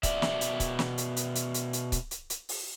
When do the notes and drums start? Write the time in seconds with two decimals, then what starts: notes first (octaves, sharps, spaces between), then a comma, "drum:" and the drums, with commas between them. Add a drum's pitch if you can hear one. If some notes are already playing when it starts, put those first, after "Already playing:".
0.03 B2 D5 E5, drum: kick C#1, hi-hat
0.22 drum: snare
0.41 drum: hi-hat
0.60 drum: kick C#1, hi-hat
0.79 drum: snare
0.98 drum: hi-hat
1.16 drum: hi-hat
1.35 drum: hi-hat
1.54 drum: hi-hat
1.73 drum: hi-hat
1.92 drum: kick C#1, hi-hat
2.11 drum: hi-hat
2.30 drum: hi-hat
2.49 drum: open hi-hat